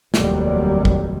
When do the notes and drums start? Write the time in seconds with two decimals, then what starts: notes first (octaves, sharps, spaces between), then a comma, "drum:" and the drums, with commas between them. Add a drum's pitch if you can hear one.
0.14 F1 D#2 C3 F#3 G3, drum: snare
0.85 drum: kick A1